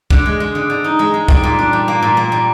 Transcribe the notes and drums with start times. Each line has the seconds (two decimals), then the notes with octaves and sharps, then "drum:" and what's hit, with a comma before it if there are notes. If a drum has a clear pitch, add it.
0.11 D3, drum: kick
0.25 G#3
0.40 G#3
0.55 D3
0.70 D3
0.84 D#4
0.99 G#3
1.14 G#3
1.28 G3, drum: kick
1.43 A#2
1.59 D4
1.73 G3
1.88 A#3
2.02 A#2
2.17 A#3
2.32 G3